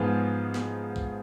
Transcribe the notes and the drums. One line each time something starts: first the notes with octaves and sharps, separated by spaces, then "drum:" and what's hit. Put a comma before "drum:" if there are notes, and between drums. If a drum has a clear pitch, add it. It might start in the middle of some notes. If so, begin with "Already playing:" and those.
Already playing: G#2 F3 B3 F4 G#4
drum: snare
drum: kick